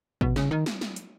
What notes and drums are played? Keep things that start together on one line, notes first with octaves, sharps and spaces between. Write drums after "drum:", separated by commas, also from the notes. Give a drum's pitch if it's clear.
B2, drum: kick
C#3, drum: snare
D#3
drum: snare
drum: snare
drum: hi-hat